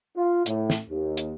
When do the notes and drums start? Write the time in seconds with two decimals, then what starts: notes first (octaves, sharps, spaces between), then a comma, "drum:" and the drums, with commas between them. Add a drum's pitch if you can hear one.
0.16 F4
0.46 A2, drum: hi-hat
0.70 drum: snare
0.89 D#2
1.17 drum: hi-hat